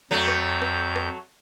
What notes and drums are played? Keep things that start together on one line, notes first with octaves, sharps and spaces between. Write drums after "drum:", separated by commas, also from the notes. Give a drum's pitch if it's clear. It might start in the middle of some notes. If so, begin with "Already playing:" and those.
F2 F#3 A3 G6
drum: rim click
drum: rim click
drum: rim click